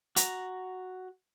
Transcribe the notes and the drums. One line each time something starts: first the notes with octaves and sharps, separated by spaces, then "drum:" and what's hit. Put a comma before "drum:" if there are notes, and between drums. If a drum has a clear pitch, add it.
F#4 A#5, drum: hi-hat